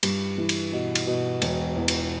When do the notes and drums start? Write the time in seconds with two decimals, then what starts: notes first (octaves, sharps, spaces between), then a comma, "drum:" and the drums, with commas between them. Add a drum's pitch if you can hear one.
0.03 G2, drum: cymbal
0.38 E3
0.49 drum: cymbal
0.72 B2
0.95 drum: cymbal
1.07 B2
1.42 E1, drum: cymbal
1.76 E2
1.88 drum: cymbal